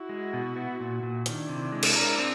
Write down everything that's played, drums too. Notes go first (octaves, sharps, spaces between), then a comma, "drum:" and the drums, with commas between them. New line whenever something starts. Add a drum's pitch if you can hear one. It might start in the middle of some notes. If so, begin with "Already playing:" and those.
Already playing: E4 F#4
G#3
B2
B3
A#2
A#2
D#3 D4 E4, drum: hi-hat
C3
G#3
drum: cymbal
A#4
C4